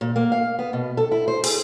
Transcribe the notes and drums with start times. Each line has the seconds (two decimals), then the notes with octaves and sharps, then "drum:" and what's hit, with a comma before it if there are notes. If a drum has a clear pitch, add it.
0.01 A#2
0.16 A#3
0.32 F5
0.59 B3
0.73 B2
0.97 A4
1.12 E4
1.28 C5
1.44 G#4, drum: open hi-hat